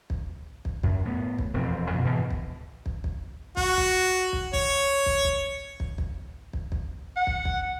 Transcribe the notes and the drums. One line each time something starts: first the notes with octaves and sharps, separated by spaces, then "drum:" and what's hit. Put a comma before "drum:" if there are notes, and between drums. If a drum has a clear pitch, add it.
drum: kick
drum: kick
F#2, drum: kick
A2 B3
drum: kick
E1 F2 C4
F2 B2
G#2 B2 E3
drum: kick
drum: kick
drum: kick
F#4, drum: kick
drum: kick
drum: kick
C#5, drum: kick
drum: kick
drum: kick
drum: kick
drum: kick
drum: kick
drum: kick
F#5
drum: kick
drum: kick